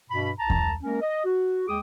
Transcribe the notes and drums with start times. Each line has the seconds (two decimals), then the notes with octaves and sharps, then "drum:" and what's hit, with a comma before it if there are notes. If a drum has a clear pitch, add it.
0.10 G2 B2 B5
0.39 C2 A5 A#5
0.50 drum: kick E2
0.83 G#3 A#3 C#4 A#4
1.01 D#5
1.25 F#4
1.68 D#2 G#3 G#4 G5 D6 D#6